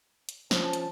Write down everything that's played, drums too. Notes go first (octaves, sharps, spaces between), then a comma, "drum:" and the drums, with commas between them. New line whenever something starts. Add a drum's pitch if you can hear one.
drum: hi-hat
F3 C#4 C5 A5, drum: snare
drum: hi-hat